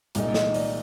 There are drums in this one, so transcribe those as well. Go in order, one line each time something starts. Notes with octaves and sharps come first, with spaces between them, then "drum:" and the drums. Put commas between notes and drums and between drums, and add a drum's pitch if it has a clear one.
C2 A#2 G#3 D#4, drum: hi-hat
D#5, drum: snare
D5, drum: open hi-hat